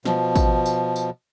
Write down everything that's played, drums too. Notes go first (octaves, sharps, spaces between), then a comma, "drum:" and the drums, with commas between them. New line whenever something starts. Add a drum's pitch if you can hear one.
B2 F3, drum: snare
drum: kick, tambourine
drum: tambourine
drum: tambourine